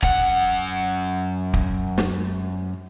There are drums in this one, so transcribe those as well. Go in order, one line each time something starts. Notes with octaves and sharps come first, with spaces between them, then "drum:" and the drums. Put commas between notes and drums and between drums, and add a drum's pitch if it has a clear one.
F#2 F#5, drum: kick
drum: kick
drum: snare